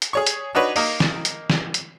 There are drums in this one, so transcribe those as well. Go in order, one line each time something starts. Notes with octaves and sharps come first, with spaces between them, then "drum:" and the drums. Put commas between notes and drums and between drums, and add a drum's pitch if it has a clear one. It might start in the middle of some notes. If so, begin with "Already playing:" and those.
drum: hi-hat
G#4 C#5 C#6
drum: hi-hat
D4 D#4 F#4 B4 C#5
A#3 D#4 A#4, drum: open hi-hat
drum: snare
drum: hi-hat
drum: snare
drum: hi-hat